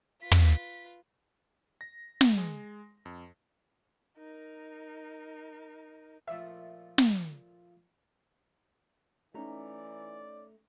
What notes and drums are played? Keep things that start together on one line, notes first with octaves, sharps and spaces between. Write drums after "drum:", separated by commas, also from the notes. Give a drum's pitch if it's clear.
F4 B4 B6
drum: tom
A#6
drum: snare
G#3
F2
D#4 A#4
A#2 F3 A3 E5
drum: snare
E3 A3 C#4 D#4 D5 A#5